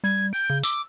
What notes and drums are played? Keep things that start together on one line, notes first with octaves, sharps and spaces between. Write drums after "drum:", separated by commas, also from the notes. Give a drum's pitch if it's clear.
G3 G#6
G6 D7
C#3
D6 E6, drum: tambourine